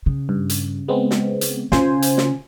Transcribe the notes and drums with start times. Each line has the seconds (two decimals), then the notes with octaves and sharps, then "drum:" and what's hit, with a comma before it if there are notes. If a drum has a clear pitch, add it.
0.06 C#3
0.29 G2
0.50 drum: hi-hat
0.88 G#3 B3 C4
1.11 drum: snare
1.41 drum: hi-hat
1.72 C#3 F4 C5 G#5, drum: snare
2.02 drum: hi-hat
2.18 drum: snare